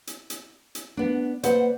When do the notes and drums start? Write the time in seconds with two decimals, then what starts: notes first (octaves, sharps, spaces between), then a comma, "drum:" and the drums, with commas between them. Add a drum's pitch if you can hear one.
0.07 drum: hi-hat
0.30 drum: hi-hat
0.75 drum: hi-hat
0.97 B3 D4
1.43 A#3 B4 C5 D5 F#5, drum: hi-hat